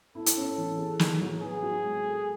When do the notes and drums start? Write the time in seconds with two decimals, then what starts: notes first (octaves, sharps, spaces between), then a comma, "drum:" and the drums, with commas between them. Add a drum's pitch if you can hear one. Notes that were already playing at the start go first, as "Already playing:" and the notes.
0.15 E4 A4
0.26 drum: hi-hat
0.37 C#4
0.58 E3
0.78 G#4
0.99 D#4, drum: snare
1.21 F#3
1.42 G#4 B4
1.63 F#4
1.84 G#3
2.06 A4